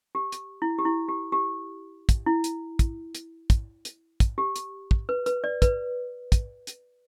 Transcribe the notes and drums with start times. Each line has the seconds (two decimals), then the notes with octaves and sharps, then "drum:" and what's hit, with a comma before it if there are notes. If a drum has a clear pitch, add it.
0.15 G4
0.32 drum: hi-hat
0.62 E4
0.78 G4
0.85 E4
1.09 G4
1.32 G4
2.09 drum: kick, hi-hat
2.26 E4
2.44 drum: hi-hat
2.79 drum: kick, hi-hat
3.15 drum: hi-hat
3.50 drum: kick, hi-hat
3.85 drum: hi-hat
4.20 drum: kick, hi-hat
4.38 G4
4.56 drum: hi-hat
4.91 drum: kick
5.09 B4
5.26 B4, drum: hi-hat
5.44 D5
5.62 B4, drum: kick, hi-hat
6.32 drum: kick, hi-hat
6.67 drum: hi-hat